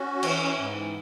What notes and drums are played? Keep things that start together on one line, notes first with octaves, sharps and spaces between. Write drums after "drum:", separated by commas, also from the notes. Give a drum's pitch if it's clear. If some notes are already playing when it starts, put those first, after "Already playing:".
Already playing: C#4 F#4
E3, drum: cymbal
G#2